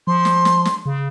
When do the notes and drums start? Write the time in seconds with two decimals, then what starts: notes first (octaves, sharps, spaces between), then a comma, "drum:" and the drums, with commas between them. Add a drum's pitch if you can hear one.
0.07 F3 C6
0.25 drum: snare
0.45 drum: snare
0.65 drum: snare
0.86 C#3